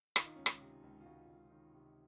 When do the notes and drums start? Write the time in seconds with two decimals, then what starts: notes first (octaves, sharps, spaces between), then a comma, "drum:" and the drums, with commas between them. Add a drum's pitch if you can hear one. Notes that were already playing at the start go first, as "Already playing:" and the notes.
0.16 D#3 F4, drum: rim click
0.26 D#4
0.36 C#2 C#4
0.46 D#4, drum: rim click
0.61 C3
0.83 C#2
1.01 F4
1.05 C#2 F#4
1.29 C#2
1.51 D#3
1.73 C3